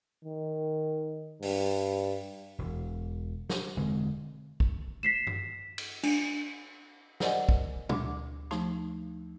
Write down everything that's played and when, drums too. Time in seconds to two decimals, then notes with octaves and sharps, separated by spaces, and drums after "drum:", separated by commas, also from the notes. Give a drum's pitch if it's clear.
0.25 D#3
1.42 G2, drum: open hi-hat
2.59 E1
3.49 drum: snare
3.77 E1 D3 G#3 C4
4.60 drum: kick
5.03 B6 C7 E7
5.27 drum: tom G2
5.78 drum: cymbal
6.03 D4, drum: cymbal
7.20 A#4 C5 D5 D#5 F#5 G#5, drum: snare
7.49 drum: kick
7.89 D2 D6, drum: tom A#2
8.51 F3 A3 D#4, drum: rim click